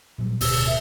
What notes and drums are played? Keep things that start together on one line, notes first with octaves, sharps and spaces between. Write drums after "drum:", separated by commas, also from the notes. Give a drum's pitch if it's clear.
A#2 F#3 G3
D1 B2 E6, drum: open hi-hat
E5